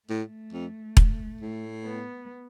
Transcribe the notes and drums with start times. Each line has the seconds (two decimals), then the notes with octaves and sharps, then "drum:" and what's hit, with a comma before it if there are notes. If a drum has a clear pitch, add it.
0.09 A2 A3
0.53 F2
0.97 drum: kick E1
1.41 A2
1.84 B3